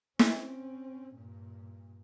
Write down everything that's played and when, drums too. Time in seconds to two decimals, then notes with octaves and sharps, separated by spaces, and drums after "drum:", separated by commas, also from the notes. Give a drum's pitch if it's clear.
0.19 C4 C#4, drum: snare
1.15 G2 A#2